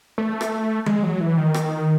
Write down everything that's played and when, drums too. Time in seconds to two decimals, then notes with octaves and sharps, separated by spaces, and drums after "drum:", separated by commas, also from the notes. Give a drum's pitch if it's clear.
0.18 A3
0.41 drum: rim click
0.86 G#3, drum: tom E3
1.03 F#3
1.21 E3
1.37 D#3
1.54 drum: rim click